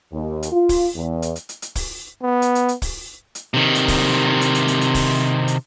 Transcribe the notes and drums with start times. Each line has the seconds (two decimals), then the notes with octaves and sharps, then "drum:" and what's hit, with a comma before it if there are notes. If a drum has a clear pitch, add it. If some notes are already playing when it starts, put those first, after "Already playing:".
0.13 D#2
0.43 drum: hi-hat
0.52 F4
0.69 drum: kick, open hi-hat
0.96 E2
1.22 drum: hi-hat
1.36 drum: hi-hat
1.49 drum: hi-hat
1.62 drum: hi-hat
1.75 drum: kick, open hi-hat
2.23 B3
2.42 drum: hi-hat
2.55 drum: hi-hat
2.69 drum: hi-hat
2.82 drum: kick, open hi-hat
3.35 drum: hi-hat
3.54 C3 D#3
3.75 drum: hi-hat
3.88 drum: kick, open hi-hat
4.41 drum: hi-hat
4.55 drum: hi-hat
4.68 drum: hi-hat
4.81 drum: hi-hat
4.94 drum: kick, open hi-hat
5.48 drum: hi-hat